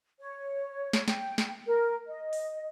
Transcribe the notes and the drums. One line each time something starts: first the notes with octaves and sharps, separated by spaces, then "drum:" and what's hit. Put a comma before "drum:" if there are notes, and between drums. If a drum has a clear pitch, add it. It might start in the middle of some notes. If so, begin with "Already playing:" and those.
C#5
drum: snare
G5, drum: snare
drum: snare
A#4
D#5
drum: open hi-hat